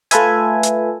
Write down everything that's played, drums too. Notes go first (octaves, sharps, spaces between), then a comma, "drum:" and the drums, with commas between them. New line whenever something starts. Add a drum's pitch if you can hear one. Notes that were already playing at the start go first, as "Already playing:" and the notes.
A3 F4 A4 B4 E5 G#5, drum: hi-hat
drum: hi-hat